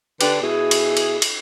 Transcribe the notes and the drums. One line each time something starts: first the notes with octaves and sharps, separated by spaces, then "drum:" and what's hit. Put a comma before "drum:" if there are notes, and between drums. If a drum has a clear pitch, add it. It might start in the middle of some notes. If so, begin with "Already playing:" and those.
D3 D4 G4 B4, drum: cymbal
B2 E4 G#4
drum: cymbal
drum: cymbal
drum: cymbal